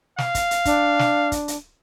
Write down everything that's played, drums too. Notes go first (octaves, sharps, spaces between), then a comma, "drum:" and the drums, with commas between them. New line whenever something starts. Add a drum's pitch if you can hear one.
F5, drum: snare
drum: kick, hi-hat
drum: hi-hat
D4, drum: kick, hi-hat
drum: snare
drum: kick, hi-hat
drum: hi-hat